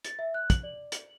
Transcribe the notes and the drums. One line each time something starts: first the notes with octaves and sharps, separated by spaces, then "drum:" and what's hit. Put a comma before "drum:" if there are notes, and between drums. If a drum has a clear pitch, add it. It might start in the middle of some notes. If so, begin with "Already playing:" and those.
A6, drum: hi-hat
E5
F#6
F#7, drum: kick, hi-hat
D5
F#7, drum: hi-hat